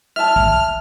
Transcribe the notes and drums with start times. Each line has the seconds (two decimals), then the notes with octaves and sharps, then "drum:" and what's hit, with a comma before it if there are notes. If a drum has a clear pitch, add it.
0.16 E5 A5 F6
0.36 drum: kick